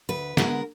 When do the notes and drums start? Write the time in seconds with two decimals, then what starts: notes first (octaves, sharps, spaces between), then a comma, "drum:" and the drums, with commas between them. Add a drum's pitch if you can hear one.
0.09 D2 B4
0.37 D3 G#3 B3 A#4, drum: snare